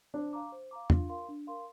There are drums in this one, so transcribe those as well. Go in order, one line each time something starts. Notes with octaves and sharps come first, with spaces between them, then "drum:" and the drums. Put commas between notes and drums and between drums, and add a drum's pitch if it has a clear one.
D4 C5
F5 A#5 D6
C5
F5 A#5 D6
D4 F4, drum: tom
A#4 F5 C6
D4
A#4 F5 C6